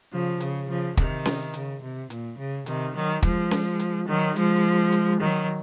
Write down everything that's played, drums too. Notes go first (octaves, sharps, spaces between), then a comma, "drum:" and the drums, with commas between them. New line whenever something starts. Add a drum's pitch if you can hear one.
C#3 F3
C#3, drum: hi-hat
C#3 F3
C3 D#3, drum: kick, hi-hat
drum: snare C#4
C#3, drum: hi-hat
C3
A#2, drum: hi-hat
C#3
C3 D#3, drum: hi-hat
D#3 F#3
F3 G#3, drum: kick, hi-hat
drum: snare C#4
drum: hi-hat
D#3 F#3
F3 G#3, drum: hi-hat
drum: hi-hat
D#3 F#3